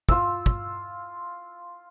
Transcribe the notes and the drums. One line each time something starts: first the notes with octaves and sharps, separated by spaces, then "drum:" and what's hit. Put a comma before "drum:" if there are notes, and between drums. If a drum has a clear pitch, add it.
F4 E6, drum: kick
drum: kick